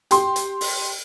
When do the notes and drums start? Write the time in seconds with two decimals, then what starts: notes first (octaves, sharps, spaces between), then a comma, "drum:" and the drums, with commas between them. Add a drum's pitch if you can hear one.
0.11 G4 C6, drum: hi-hat
0.36 drum: hi-hat
0.61 drum: open hi-hat